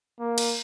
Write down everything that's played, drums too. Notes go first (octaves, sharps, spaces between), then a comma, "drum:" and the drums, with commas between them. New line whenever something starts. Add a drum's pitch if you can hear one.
A#3
drum: cymbal